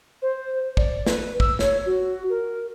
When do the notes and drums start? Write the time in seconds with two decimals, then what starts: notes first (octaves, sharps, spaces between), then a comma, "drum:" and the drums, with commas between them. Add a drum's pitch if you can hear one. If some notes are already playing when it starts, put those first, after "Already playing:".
0.22 C5
0.77 D5, drum: kick
1.06 B4, drum: snare
1.40 E6, drum: kick
1.59 C#5, drum: snare
1.86 F#4
2.30 A#4